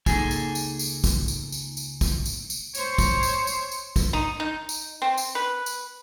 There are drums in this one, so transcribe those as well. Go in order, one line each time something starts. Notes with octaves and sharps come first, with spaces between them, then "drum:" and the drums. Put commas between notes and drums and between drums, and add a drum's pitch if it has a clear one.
C#2 A#3 D#4 G#4 A4 G#5, drum: kick, tambourine
drum: tambourine
drum: tambourine
drum: tambourine
drum: kick, tambourine
drum: tambourine
drum: tambourine
drum: tambourine
drum: kick, tambourine
drum: tambourine
drum: tambourine
C5 C#5, drum: tambourine
drum: kick, tambourine
drum: tambourine
drum: tambourine
drum: tambourine
drum: kick, tambourine
D#4
D#4
drum: tambourine
C4
drum: tambourine
B4
drum: tambourine